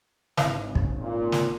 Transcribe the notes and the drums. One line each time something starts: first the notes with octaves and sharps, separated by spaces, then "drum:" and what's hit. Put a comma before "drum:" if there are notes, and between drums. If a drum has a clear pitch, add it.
G#1 C#3 E3 D#5 F5, drum: snare
drum: kick
A#2
drum: snare